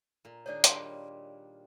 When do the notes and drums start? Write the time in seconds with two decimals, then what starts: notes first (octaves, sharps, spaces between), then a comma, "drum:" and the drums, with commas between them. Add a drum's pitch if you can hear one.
0.25 A#2
0.46 D#3 D4 G#4 C#5 D5
0.64 A#2 G3 C#5 F5 C6, drum: hi-hat